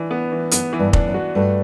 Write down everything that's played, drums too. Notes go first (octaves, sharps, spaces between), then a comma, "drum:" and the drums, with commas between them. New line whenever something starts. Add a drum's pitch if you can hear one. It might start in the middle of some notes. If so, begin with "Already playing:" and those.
Already playing: E3 D4
B3
E3
F#2 B3, drum: hi-hat
E3
G2
D4, drum: kick F1
F#2
F#4
G2 A3